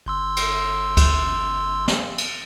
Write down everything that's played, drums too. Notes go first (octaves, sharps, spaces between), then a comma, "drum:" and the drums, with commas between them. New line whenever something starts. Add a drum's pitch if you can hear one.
G1 C6 E6
drum: cymbal
drum: kick C#2, cymbal
drum: snare
drum: cymbal